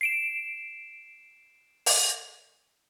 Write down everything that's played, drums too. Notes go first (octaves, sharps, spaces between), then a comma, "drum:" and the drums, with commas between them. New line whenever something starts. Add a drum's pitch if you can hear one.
C7 D7 E7
drum: open hi-hat